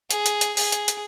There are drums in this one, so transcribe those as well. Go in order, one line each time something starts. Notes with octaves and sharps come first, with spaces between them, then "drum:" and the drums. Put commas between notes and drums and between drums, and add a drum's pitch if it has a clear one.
G#4, drum: hi-hat
drum: hi-hat
drum: hi-hat
G#4, drum: open hi-hat
drum: hi-hat
drum: hi-hat